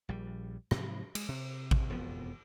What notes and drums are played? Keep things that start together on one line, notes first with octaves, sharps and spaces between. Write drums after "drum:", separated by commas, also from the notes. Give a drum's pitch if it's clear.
A#1 G3
G#2 C3 F3 F#3, drum: rim click
G#3, drum: cymbal
C3
drum: kick A1
E1 F2 F3 B3